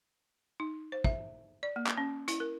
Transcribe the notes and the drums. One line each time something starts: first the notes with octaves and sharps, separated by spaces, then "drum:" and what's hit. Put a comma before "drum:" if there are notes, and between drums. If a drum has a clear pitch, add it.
D#4
C5
E5, drum: kick
D5
A#3
drum: clap
C#4
E4, drum: hi-hat
A#4